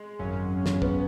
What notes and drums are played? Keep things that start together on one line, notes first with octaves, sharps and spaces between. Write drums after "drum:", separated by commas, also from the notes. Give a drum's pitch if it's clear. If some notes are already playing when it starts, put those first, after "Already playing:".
Already playing: G#3
G#1 F#2 C#3 F#3 C#4
drum: snare
B3, drum: kick